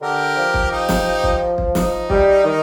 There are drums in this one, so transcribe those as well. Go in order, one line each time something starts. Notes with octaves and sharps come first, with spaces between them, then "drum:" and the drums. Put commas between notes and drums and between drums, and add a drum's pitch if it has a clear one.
D3 G4 A#4
F3
drum: kick
D#4 G4
drum: snare
drum: kick
drum: kick
D#4, drum: snare
G3, drum: kick
D#3